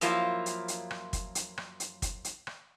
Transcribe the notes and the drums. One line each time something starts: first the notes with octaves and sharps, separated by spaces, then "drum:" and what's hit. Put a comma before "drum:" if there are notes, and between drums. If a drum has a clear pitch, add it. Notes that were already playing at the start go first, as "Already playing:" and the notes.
F#2 F3 F#3 A#3 E4 F4, drum: hi-hat
drum: hi-hat
drum: hi-hat
drum: rim click
drum: kick, hi-hat
drum: hi-hat
drum: rim click
drum: hi-hat
drum: kick, hi-hat
drum: hi-hat
drum: rim click